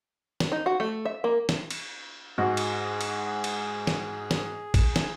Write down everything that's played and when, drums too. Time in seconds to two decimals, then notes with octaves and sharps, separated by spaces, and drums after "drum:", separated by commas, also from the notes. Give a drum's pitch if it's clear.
0.40 drum: snare
0.52 D#4
0.66 F#4
0.80 A3
1.05 E5
1.24 A#3
1.49 drum: snare
1.71 drum: cymbal
2.38 G#2 F#4 G#4
2.57 drum: cymbal
3.01 drum: cymbal
3.44 drum: cymbal
3.87 drum: snare
4.31 drum: snare
4.74 drum: kick G#1, cymbal
4.96 drum: snare